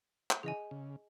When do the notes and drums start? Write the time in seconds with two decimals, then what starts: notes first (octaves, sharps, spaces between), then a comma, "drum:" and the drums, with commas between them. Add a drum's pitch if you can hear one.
0.31 drum: clap
0.43 C#3 E3 G#4 D#5 G#5
0.71 C#3